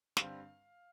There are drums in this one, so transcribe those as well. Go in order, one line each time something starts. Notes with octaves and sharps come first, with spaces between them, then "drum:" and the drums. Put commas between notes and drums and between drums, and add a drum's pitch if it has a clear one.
G2 D3 G3 C4 F5, drum: snare